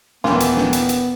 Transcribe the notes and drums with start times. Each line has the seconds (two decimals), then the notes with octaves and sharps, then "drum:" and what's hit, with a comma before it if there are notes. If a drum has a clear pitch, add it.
0.24 D#2 A#2 E3 B3 F4, drum: snare
0.40 drum: hi-hat
0.57 drum: snare
0.73 drum: hi-hat
0.89 drum: hi-hat